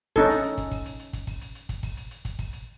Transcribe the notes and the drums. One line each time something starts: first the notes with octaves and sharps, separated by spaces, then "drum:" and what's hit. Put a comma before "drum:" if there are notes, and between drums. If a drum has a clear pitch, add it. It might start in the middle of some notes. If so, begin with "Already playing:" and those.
C#4 D#4 A4, drum: kick, open hi-hat
drum: hi-hat
drum: hi-hat
drum: kick, hi-hat
drum: kick, open hi-hat
drum: hi-hat
drum: hi-hat
drum: kick, hi-hat
drum: kick, open hi-hat
drum: hi-hat
drum: hi-hat
drum: kick, hi-hat
drum: kick, open hi-hat
drum: hi-hat
drum: hi-hat
drum: kick, hi-hat
drum: kick, open hi-hat
drum: hi-hat